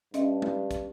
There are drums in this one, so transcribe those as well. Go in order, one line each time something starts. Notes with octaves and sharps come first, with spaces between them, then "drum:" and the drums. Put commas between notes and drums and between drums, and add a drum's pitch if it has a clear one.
G2 C#4 D#5 E5, drum: hi-hat
drum: tom G#3
drum: kick, hi-hat